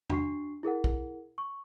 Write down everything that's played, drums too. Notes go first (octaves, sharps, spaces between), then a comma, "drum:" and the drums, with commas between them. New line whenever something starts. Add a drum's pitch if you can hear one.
D4 F#4 C#6 C7, drum: tom E2
E4 G#4 A#4 F#5
drum: kick
C#6